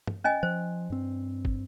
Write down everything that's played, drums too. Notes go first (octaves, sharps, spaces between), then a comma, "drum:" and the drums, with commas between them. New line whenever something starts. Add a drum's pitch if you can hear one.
drum: tom
C#4 D#5 G#5
F3 C5
G2 C4
drum: kick